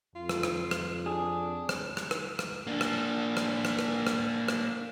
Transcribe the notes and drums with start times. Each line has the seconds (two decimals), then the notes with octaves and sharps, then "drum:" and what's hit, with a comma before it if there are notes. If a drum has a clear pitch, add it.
0.15 F2 F4
0.29 drum: rim click
0.43 drum: rim click
0.71 drum: rim click
1.06 D4 G#4
1.69 drum: rim click
1.97 drum: rim click
2.11 drum: rim click
2.39 drum: rim click
2.67 A#3 D4
2.81 drum: rim click
3.37 drum: rim click
3.65 drum: rim click
3.79 drum: rim click
4.07 drum: rim click
4.48 drum: rim click